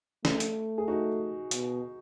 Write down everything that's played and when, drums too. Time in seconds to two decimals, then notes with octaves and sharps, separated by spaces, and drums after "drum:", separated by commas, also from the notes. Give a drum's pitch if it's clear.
0.25 A3, drum: snare
0.40 drum: hi-hat
0.78 G#4
0.88 D#4 F#4
1.51 B2, drum: hi-hat